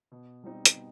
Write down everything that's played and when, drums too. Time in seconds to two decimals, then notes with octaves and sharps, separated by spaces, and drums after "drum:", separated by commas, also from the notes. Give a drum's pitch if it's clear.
0.12 B2
0.43 G3 C4 D#4
0.65 drum: hi-hat
0.76 B2